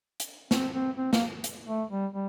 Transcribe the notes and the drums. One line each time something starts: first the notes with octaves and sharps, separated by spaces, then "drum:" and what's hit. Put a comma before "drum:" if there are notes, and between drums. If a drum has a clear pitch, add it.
drum: hi-hat
C4, drum: snare
C4
C4
A#3, drum: snare
drum: hi-hat
A3
G3
G3